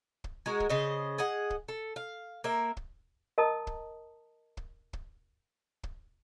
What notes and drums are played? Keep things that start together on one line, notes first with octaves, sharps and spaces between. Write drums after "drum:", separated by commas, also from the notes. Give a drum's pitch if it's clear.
drum: kick
G#3 F#4 A#4
drum: kick
C#3 C5 D#5
G#4 D#5 F#5
drum: kick
A4
F5
A#3 A#4 E5
drum: kick
A#4 D#5 A5 A#5 D#6
drum: kick
drum: kick
drum: kick
drum: kick